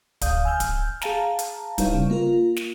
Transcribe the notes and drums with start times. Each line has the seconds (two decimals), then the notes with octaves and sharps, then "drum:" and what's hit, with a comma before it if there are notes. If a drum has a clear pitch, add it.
0.21 G#1 D2 D5 F5 D#6 G6, drum: kick, hi-hat
0.45 G#5 E6 F6 G6
0.60 drum: kick, hi-hat
1.02 G#4 F5 A5 A#5, drum: snare
1.39 drum: hi-hat
1.78 G3 D#4 E4 B4 C#5 F5, drum: kick, hi-hat
1.94 C#3
2.10 A#3 F4 A#4
2.56 drum: snare